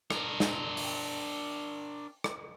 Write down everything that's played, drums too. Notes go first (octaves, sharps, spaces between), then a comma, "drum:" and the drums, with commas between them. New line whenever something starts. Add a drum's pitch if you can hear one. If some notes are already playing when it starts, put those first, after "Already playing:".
D4 A#4, drum: rim click
drum: snare
drum: open hi-hat
drum: rim click